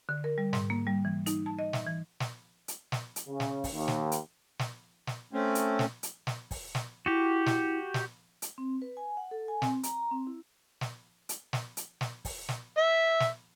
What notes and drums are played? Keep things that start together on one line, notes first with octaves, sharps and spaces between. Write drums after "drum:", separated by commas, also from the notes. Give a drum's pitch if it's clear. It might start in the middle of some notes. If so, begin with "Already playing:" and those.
D3
A#4
G3
G#2, drum: snare
A#3
G3
E3
D#4, drum: hi-hat
A5
D#5
E5, drum: snare
E3
drum: snare
drum: hi-hat
drum: snare
drum: hi-hat
C#3
drum: snare
drum: kick, open hi-hat
D#2
drum: snare
drum: hi-hat
drum: snare
drum: snare
A3 C4 C#4
drum: hi-hat
drum: snare
drum: hi-hat
drum: snare
drum: kick, open hi-hat
drum: snare
E4 F#4 G4
drum: snare
drum: snare
drum: hi-hat
C4
B4
G#5
F#5
A4
G#5
C4, drum: snare
A#5, drum: hi-hat
C4
E4
drum: snare
drum: hi-hat
drum: snare
drum: hi-hat
drum: snare
drum: kick, open hi-hat
drum: snare
E5
drum: snare